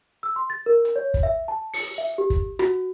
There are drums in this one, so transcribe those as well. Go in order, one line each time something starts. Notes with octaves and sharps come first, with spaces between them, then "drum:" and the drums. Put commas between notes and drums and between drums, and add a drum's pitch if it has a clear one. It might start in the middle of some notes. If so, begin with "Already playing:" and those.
E6
C6
A6
A#4
drum: hi-hat
C#5
drum: kick, hi-hat
E5
A5
C#7, drum: open hi-hat
E5
G4
drum: kick, hi-hat
F#4, drum: rim click